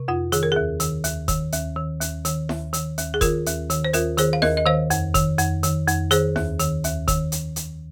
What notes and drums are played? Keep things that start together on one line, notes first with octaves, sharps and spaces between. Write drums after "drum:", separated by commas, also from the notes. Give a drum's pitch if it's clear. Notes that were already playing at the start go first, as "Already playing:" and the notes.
Already playing: C3
F2 F4
D#3 G#4, drum: hi-hat
A#4
D#2 G#4
D#3, drum: hi-hat
D#2, drum: hi-hat
D#3, drum: kick F1, hi-hat
D#2, drum: hi-hat
D#3
D#2, drum: hi-hat
D#3, drum: hi-hat
D#2, drum: snare E4
D#3, drum: hi-hat
D#2, drum: hi-hat
G#4
D#3 F4 A#4, drum: kick F1, hi-hat
D#2, drum: hi-hat
D#3, drum: hi-hat
C5
D#2 F4 A#4, drum: hi-hat
D#3 G#4 C5, drum: hi-hat
F5
D#2 A#4 D#5, drum: snare E4
D#5
D#3 C5 F5
F2, drum: hi-hat
D#3, drum: kick F1, hi-hat
F2, drum: hi-hat
D#3, drum: hi-hat
F2, drum: hi-hat
D#3 G#4 C5, drum: hi-hat
D#2, drum: snare E4
D#3, drum: hi-hat
D#2, drum: hi-hat
D#3, drum: kick F1, hi-hat
drum: hi-hat
drum: hi-hat